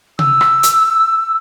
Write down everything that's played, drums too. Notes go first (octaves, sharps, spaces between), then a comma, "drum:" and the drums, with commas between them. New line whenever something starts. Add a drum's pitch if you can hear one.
E6, drum: tom C3
drum: rim click
drum: hi-hat